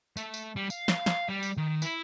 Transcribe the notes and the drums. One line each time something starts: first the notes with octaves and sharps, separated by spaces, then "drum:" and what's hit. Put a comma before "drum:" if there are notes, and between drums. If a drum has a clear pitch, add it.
A3, drum: tambourine
drum: tambourine
G3
F5, drum: tambourine
drum: snare
drum: snare
G3
drum: tambourine
D#3
E4, drum: tambourine